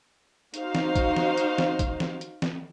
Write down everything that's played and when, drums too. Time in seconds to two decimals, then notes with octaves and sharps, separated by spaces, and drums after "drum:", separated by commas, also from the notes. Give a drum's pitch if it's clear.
0.54 D#4 F#4 C5 F5, drum: hi-hat
0.75 drum: snare
0.96 drum: kick, hi-hat
1.16 drum: snare
1.37 drum: hi-hat
1.58 drum: snare
1.79 drum: kick, hi-hat
2.00 drum: snare
2.21 drum: hi-hat
2.42 drum: snare